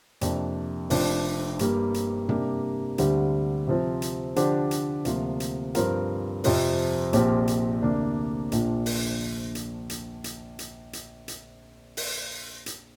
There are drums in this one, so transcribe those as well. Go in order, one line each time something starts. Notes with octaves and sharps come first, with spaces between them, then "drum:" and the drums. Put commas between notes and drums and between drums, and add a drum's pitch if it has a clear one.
F2 C3 A#3 D4, drum: hi-hat
F1 F2 F3 D4 F4, drum: open hi-hat
G2 G3 A#3, drum: hi-hat
drum: hi-hat
C3 G3 A#3 D4 G4, drum: tom
D2 D3 G3 C4 G4, drum: hi-hat
C3 F3 C4
drum: hi-hat
D3 F3 D4 G4 C5, drum: hi-hat
drum: hi-hat
D2 C3 F3 A#3 F4, drum: hi-hat
drum: hi-hat
G2 F3 C4 F4 A#4, drum: hi-hat
F2 C3 F3 C4, drum: open hi-hat
A#1 A#2 F3 C4 G4, drum: hi-hat
drum: hi-hat
D2 C3 A#3 D4
A#1 A#2 F3 D4, drum: hi-hat
drum: open hi-hat
drum: hi-hat
drum: hi-hat
drum: hi-hat
drum: hi-hat
drum: hi-hat
drum: hi-hat
drum: open hi-hat
drum: hi-hat